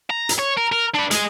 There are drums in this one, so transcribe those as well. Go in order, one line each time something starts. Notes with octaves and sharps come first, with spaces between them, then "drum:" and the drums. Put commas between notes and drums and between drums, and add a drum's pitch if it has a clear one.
A#5
drum: hi-hat
C#5
A#4
A#4
D4 B4
G#3 G#4, drum: hi-hat